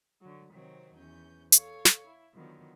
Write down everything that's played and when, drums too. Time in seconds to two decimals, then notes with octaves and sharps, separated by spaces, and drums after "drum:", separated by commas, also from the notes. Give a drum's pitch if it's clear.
0.22 D3 F#3
0.52 C3 D#3 F#3 C4 C#5
0.97 E2 C#4 G6
1.52 A4 C#5 F5, drum: hi-hat
1.85 drum: snare
2.06 E4
2.36 D3 D#3 F3 F#3 B3